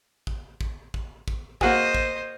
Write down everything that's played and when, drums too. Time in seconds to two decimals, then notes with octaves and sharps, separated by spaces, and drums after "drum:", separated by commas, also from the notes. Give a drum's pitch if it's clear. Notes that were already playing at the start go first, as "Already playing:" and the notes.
0.27 drum: kick
0.61 drum: kick
0.94 drum: kick
1.28 drum: kick
1.61 A#3 F#4 G#4 C5 D#5, drum: kick
1.95 drum: kick